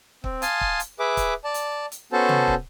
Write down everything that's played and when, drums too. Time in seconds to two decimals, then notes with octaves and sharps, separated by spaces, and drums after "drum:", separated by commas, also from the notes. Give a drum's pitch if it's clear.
0.24 C4, drum: kick
0.42 F5 G#5 A5 C6 D#6, drum: hi-hat
0.61 drum: kick
0.80 drum: hi-hat
0.99 G#4 B4 E5 D6
1.17 drum: kick, hi-hat
1.44 D5 A5
1.54 drum: hi-hat
1.92 drum: hi-hat
2.12 B3 C#4 F#4 A4 C5 A5
2.29 drum: tom
2.48 drum: kick